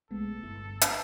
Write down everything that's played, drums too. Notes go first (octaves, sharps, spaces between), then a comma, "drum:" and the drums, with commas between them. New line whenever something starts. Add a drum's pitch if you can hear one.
B1 G#3 A3 B3 A4
G1 E4
drum: hi-hat